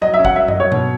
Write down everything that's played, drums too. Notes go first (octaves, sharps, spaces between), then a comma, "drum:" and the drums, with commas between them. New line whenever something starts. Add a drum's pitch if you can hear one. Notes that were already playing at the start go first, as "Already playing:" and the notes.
F#3 D#5
E5
C#4
F#5, drum: kick
F#3 E5
D#5, drum: tom F#2
F#3
C#5
B2, drum: tom G2